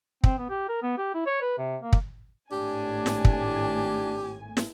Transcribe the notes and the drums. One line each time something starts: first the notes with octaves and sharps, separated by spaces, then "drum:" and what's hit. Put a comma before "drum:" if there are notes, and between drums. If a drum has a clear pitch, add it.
C4, drum: kick
B3
G4
A#4
B3
G4
E4
C#5
B4
C3
A#3
drum: kick
G#1 A2 D4 G4 G#5
drum: snare
drum: kick
drum: snare